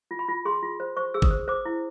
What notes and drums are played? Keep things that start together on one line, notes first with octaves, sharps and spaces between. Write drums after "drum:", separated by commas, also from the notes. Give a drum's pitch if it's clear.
F4
B5
F4
G#4 C6
F4
C5
C5 C#6
G#4 E6
D#6, drum: kick G1
C5
C5 D6
E4